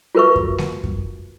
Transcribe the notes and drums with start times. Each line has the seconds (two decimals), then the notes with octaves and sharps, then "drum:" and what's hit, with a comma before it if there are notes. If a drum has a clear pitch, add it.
0.15 F4 F#4 A#4 B4 E5 C#6
0.36 drum: kick F#2
0.58 drum: snare G#3
0.84 drum: kick F#2